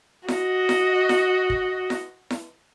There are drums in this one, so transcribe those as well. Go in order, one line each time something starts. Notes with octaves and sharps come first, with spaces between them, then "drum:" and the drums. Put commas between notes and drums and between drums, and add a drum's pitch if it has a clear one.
F#4 D#5, drum: snare E4
drum: snare E4
drum: snare E4
drum: kick
drum: snare E4
drum: snare E4